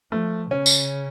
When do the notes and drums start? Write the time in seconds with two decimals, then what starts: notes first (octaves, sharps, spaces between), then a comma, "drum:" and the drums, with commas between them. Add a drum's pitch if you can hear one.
0.12 F3 A3
0.51 C#3 C#4
0.66 drum: tambourine